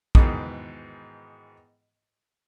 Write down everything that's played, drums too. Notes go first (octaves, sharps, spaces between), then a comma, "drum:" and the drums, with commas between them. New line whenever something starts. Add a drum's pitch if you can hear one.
G#2 B2 D#3 E3, drum: kick A#1